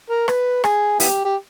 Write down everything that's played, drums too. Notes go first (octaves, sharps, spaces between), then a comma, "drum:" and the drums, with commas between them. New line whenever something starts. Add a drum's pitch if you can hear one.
A#4
B4, drum: rim click
G#4, drum: rim click
B3 E4 G4, drum: open hi-hat
G4